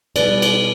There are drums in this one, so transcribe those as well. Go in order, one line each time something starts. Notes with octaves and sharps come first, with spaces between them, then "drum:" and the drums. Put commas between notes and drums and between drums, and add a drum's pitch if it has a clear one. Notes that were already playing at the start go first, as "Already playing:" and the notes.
B2 G3 B4 D5, drum: cymbal
drum: cymbal